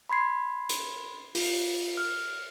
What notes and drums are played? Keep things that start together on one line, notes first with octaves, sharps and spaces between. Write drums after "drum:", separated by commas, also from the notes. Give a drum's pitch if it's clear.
B5 C6 G#6 C7
drum: hi-hat
F4, drum: open hi-hat
F6